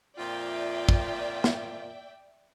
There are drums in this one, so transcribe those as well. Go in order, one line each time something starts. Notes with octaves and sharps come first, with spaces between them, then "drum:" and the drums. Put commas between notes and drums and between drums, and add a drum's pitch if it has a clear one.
F2 A#2 F4 D5 E5 G5
drum: kick
drum: snare